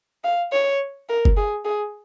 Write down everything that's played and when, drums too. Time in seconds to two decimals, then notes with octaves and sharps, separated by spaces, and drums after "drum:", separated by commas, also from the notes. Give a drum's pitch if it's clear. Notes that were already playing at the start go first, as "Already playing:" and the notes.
0.24 F5
0.52 C#5
1.09 A#4
1.25 drum: kick F#1
1.37 G#4
1.65 G#4